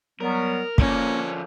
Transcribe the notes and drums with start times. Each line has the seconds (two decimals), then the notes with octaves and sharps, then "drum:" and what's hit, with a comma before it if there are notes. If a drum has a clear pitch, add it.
0.20 F#3 G3 B3 A#4
0.78 D3 F3 A#3 C#4 A#4, drum: kick